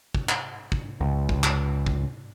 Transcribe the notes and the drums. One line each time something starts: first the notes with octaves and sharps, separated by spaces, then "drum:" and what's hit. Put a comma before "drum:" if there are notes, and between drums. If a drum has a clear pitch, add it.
drum: kick
drum: clap
drum: kick
C#2
drum: kick
drum: clap
drum: kick